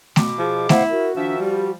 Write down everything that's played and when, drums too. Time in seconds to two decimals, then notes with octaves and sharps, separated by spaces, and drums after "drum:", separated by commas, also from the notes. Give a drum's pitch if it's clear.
0.16 B2 D6, drum: snare A3
0.38 F3 G#4
0.69 E4 C5 F5 F#5, drum: snare A3
0.90 F#4 A#4
1.16 D#3 F3 D4 E5
1.39 G3 G4